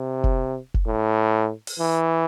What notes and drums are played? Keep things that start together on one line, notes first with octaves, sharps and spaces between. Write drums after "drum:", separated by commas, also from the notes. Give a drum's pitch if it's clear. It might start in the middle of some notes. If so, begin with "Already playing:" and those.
Already playing: C3
drum: kick F1
drum: kick F1
A2
drum: open hi-hat
E3